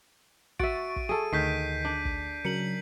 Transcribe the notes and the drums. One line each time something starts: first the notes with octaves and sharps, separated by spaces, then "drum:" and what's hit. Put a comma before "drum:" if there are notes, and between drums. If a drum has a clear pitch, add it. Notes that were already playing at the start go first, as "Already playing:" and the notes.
F#4 E5 C#6 A6 D7 D#7, drum: kick
drum: kick
G#4 A4 D#7
D2 D#3 G6 B6 C7
D4
drum: kick
C#3 F#3 A#4 C#7 F#7